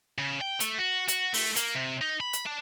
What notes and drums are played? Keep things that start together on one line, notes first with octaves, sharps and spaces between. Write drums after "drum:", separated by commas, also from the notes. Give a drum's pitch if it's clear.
C#3
G5
A3, drum: hi-hat
F#4
F#4, drum: hi-hat
A3, drum: open hi-hat
A#3, drum: hi-hat
C3
D#4
B5
drum: hi-hat
D4